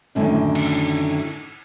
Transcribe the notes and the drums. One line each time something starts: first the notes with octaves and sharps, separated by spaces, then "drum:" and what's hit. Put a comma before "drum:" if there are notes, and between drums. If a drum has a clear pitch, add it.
F#2 A2 D3 D#3 F#3 C#4
drum: cymbal